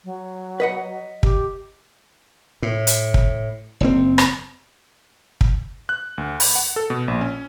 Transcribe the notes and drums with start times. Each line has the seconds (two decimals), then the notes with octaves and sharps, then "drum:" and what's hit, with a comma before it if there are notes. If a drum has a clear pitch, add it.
0.05 F#3
0.60 B4 D#5 F#5
1.23 G4, drum: kick
2.62 A2
2.87 drum: hi-hat
3.14 drum: kick
3.81 F#1 A#2 C4
4.18 drum: rim click
5.41 drum: kick
5.89 F#6
6.18 D2
6.40 B5, drum: open hi-hat
6.55 F#5
6.76 A4
6.90 B2
7.08 A#1
7.21 C#4